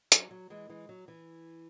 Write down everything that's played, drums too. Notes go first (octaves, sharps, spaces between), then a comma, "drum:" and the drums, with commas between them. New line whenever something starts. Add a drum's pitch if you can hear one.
F#3, drum: hi-hat
F#3
E3 G#3
E3 G#3
F#3
E3